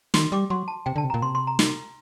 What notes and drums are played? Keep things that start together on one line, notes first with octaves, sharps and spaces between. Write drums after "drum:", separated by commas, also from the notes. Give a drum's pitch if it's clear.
D#3 C6, drum: snare
G3 D6
F#3 C6
A5
C3 G5
D3 A5
C3
A#2 A#5
C3 C6
C6
A#5
drum: snare